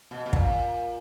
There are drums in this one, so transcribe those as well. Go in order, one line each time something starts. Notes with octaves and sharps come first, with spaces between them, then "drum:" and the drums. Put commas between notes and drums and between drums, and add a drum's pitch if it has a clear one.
B2
B2
A#2, drum: kick